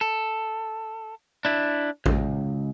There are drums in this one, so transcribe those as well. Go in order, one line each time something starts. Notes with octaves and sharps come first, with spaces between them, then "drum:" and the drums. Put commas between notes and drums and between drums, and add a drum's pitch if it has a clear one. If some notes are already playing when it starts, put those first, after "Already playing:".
A4
D4 E4
C#2, drum: kick A1